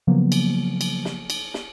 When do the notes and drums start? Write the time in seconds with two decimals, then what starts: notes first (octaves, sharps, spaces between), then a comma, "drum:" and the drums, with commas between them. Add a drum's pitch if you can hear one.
0.07 C#3 F3 F#3 A#3 B3
0.32 drum: cymbal
0.81 drum: cymbal
1.05 drum: snare
1.30 drum: cymbal
1.54 drum: snare